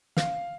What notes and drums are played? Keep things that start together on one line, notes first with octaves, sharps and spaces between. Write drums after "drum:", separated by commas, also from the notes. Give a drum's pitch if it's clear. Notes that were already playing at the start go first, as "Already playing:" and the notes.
F5, drum: snare